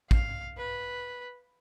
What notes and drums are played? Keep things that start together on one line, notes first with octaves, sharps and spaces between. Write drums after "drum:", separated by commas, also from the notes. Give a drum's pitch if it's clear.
F5, drum: kick A1
B4